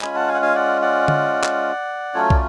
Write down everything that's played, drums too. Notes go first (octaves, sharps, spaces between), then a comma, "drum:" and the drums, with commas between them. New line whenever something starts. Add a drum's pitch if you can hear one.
G#3 C#4 F4 G#5 B5, drum: clap
F#5 A5
F5 G#5
F#5
F5 G#5
D5 F#5
D5 F#5
drum: tom D3
drum: clap
F#3 A3 C#4 F4 A4 C#5
D5, drum: kick